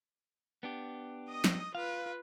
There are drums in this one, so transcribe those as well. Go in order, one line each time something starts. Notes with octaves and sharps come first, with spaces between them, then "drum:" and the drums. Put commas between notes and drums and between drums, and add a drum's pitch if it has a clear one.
B3 D4 G4
D#5 D#6
drum: snare
F4 B4 F5